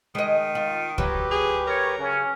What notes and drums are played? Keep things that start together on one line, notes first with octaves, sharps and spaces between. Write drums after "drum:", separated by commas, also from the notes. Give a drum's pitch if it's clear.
D#3 G#3 D#5
F4
F#3 G4 B4, drum: kick
G#4
A#4 C#5
C#3 C#4